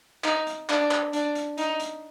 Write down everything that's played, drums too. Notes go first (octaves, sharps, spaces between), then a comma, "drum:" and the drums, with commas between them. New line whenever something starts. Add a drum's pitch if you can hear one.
D#4, drum: clap
drum: hi-hat
D4, drum: clap
drum: clap
D4, drum: hi-hat
drum: hi-hat
D#4, drum: hi-hat
drum: hi-hat